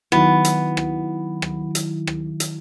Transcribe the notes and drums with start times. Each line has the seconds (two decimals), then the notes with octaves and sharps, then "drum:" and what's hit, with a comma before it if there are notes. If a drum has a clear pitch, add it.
0.12 D#3 F#3 B3 E4, drum: rim click
0.45 drum: hi-hat
0.77 drum: rim click
1.42 drum: rim click
1.75 drum: hi-hat
2.07 drum: rim click
2.40 drum: hi-hat